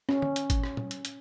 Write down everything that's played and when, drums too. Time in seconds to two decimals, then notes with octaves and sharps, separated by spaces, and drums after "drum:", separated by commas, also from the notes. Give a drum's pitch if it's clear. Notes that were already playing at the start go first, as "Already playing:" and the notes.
0.09 C#4, drum: rim click
0.22 drum: tom
0.36 drum: hi-hat
0.50 drum: kick G#1, hi-hat
0.64 drum: rim click
0.77 drum: tom
0.91 drum: hi-hat
1.05 drum: hi-hat